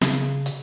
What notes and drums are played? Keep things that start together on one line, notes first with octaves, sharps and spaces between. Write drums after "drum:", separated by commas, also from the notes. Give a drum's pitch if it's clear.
C#3, drum: snare
drum: hi-hat